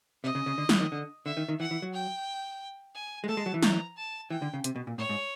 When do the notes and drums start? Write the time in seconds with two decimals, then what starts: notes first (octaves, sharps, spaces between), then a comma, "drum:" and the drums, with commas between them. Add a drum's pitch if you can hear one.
0.24 C3 D#5
0.35 C#3
0.46 C#3
0.58 D3
0.69 E3, drum: snare
0.80 D#3
0.92 D3
1.26 D3 E5
1.37 D#3
1.49 D#3
1.60 E3 F#5
1.71 E3
1.82 F#3
1.93 G5
2.95 G#5
3.24 G#3
3.29 A3 A5
3.37 G#3
3.46 F#3
3.54 E3
3.63 A#5, drum: snare
3.97 A5
4.30 E3 G5
4.42 D3
4.54 C#3
4.64 C3, drum: hi-hat
4.76 B2
4.87 A#2
4.98 A2 C#5
5.09 G#2